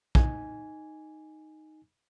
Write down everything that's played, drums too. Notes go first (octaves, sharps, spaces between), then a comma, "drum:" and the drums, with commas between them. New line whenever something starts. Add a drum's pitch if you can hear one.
D#4 G#5, drum: kick